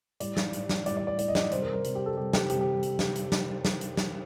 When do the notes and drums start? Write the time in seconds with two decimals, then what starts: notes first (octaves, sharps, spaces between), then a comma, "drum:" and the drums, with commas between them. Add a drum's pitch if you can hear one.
0.20 A2 G3 D5, drum: hi-hat
0.37 drum: snare
0.53 A2 G3, drum: hi-hat
0.69 drum: snare
0.86 A2 G3 D5, drum: hi-hat
0.97 D5
1.07 D5
1.19 A2 G3 D5, drum: hi-hat
1.28 D#5
1.35 D5, drum: snare
1.51 C3 G3 C5, drum: hi-hat
1.62 A#4
1.73 A#4
1.84 C3 G3, drum: hi-hat
1.95 G4
2.06 A4
2.17 C3 G3 G4
2.33 G4, drum: snare
2.50 C3 G3 G4, drum: hi-hat
2.61 G4
2.83 drum: hi-hat
2.99 drum: snare
3.15 drum: hi-hat
3.32 drum: snare
3.65 drum: snare
3.81 drum: hi-hat
3.97 drum: snare